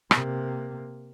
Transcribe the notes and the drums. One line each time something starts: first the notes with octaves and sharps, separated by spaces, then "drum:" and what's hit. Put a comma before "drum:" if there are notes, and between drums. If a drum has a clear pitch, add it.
C3 A#3, drum: rim click